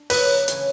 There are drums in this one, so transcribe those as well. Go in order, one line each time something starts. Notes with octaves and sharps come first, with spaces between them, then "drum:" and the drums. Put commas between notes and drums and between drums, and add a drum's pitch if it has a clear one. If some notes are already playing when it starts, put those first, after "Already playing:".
Already playing: D4
D3 F#3 A#3 B4, drum: open hi-hat
C#3 E3 A3, drum: hi-hat